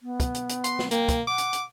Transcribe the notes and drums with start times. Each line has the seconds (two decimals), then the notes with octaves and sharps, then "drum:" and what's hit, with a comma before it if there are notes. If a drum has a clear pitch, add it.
0.02 B3
0.20 drum: kick, hi-hat
0.35 drum: hi-hat
0.49 drum: hi-hat
0.64 C6, drum: hi-hat
0.79 drum: snare
0.91 A#3 G5, drum: hi-hat
1.08 drum: kick, hi-hat
1.27 F#5 D6
1.38 drum: hi-hat
1.53 drum: hi-hat